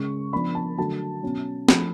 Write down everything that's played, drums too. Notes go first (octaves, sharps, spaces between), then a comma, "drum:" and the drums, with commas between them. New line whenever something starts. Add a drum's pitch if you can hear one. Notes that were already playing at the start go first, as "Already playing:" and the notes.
Already playing: C#3 G#3 C#4 C#6
F3 B3 D4 B5
A5
D3 F#3 A3 A5
B2 F#3 C#4
F3 A3 D4 B5, drum: snare